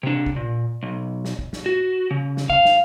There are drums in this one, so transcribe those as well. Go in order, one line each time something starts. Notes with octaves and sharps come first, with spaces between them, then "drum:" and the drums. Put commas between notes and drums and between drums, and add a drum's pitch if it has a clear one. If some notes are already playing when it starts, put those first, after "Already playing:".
C3 D4
drum: kick
A#2
B1
drum: snare
drum: kick
drum: snare
F#4
C#3
drum: snare
F5, drum: kick
drum: snare